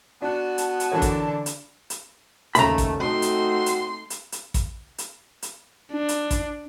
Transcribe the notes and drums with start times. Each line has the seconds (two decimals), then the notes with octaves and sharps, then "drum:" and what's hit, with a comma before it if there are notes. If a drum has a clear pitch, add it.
0.22 B3 D4 F#4 A5
0.58 drum: hi-hat
0.80 drum: hi-hat
0.92 D3 E3 D4 A#4 C#5 A5
1.02 drum: kick, hi-hat
1.46 drum: hi-hat
1.90 drum: hi-hat
2.55 D#2 C#3 A3 A#5 B5, drum: hi-hat
2.78 drum: kick, hi-hat
3.00 A3 C4 D#4 F#4 C6
3.22 drum: hi-hat
3.66 drum: hi-hat
4.10 drum: hi-hat
4.32 drum: hi-hat
4.54 drum: kick, hi-hat
4.98 drum: hi-hat
5.42 drum: hi-hat
5.93 D4
6.09 drum: hi-hat
6.31 drum: kick, hi-hat